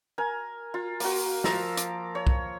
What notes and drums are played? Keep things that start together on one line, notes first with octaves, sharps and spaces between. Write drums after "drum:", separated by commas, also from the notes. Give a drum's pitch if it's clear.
A#4 G#5
F4
A#3 F#4, drum: open hi-hat
F3 A#5 E6, drum: snare
D6, drum: hi-hat
C#5
drum: kick